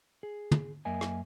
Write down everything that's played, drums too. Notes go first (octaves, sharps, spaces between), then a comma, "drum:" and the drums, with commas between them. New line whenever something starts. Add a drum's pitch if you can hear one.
G#4
drum: tom
F#2 A#3 D#5 E5 G#5
drum: rim click